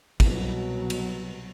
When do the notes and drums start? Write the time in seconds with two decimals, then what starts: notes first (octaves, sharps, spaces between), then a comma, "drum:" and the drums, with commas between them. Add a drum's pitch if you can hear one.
0.20 C2 B2 F#3, drum: kick, cymbal
0.90 drum: cymbal